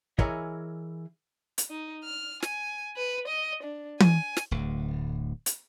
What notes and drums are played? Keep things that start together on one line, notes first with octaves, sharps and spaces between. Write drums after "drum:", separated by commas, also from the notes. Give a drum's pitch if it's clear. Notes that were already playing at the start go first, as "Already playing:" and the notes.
E3 E4 G#4 A#4 C#5 D#5, drum: kick
drum: hi-hat
D#4
F6
G#5, drum: snare
B4
D#5
D4
G#5, drum: tom E3
drum: snare
D1 D2
drum: hi-hat